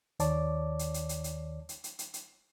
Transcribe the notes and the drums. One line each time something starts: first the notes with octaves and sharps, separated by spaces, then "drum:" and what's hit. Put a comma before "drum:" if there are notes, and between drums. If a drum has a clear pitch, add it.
D#2 D#3 C#5 D5 A5 D6, drum: hi-hat
drum: hi-hat
drum: hi-hat
drum: hi-hat
drum: hi-hat
drum: hi-hat
drum: hi-hat
drum: hi-hat
drum: hi-hat